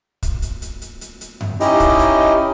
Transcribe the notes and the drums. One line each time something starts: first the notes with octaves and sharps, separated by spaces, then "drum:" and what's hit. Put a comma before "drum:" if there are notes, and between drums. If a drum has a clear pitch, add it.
drum: kick, hi-hat
drum: hi-hat
drum: hi-hat
drum: hi-hat
drum: hi-hat
drum: hi-hat
drum: tom F#2
C#4 D#4 E4 G4 D#5, drum: open hi-hat
drum: kick, hi-hat
drum: hi-hat